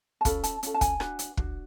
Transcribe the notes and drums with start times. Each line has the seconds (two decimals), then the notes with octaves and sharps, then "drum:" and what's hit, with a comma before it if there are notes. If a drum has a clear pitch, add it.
0.21 A5
0.25 C#4 F4 A4 B5, drum: kick, hi-hat
0.44 A5, drum: hi-hat
0.63 C#4 F4 A4, drum: hi-hat
0.74 A5
0.81 G#5, drum: kick, hi-hat
1.00 D4 F#4 B4, drum: rim click
1.19 drum: hi-hat
1.37 D4 F#4, drum: kick